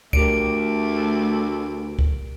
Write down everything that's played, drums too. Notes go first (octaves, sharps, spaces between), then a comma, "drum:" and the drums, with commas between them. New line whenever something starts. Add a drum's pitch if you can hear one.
D2 A3 G4 A#4 D5 D7, drum: kick
drum: kick